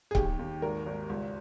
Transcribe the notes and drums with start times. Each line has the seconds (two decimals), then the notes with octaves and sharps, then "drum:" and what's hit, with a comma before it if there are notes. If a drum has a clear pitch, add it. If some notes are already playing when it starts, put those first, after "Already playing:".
0.11 G#4
0.15 D#2 G4, drum: kick C#1
0.39 D#2
0.62 G#1 A#4
0.86 G#1
1.10 C#2